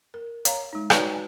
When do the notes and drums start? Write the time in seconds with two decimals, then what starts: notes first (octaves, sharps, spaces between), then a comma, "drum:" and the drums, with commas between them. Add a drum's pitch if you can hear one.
0.14 A#4
0.45 C#5 F5 A#5, drum: hi-hat
0.73 G#3 D#4
0.90 D#4 F#4 B4 C#5 D5 A5, drum: rim click